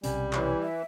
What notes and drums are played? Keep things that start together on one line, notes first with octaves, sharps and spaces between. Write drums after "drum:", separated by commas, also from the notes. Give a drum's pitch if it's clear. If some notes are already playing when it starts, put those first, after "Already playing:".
B1 C3 G3 C#4 G#5, drum: hi-hat
E3 C#5, drum: clap
E5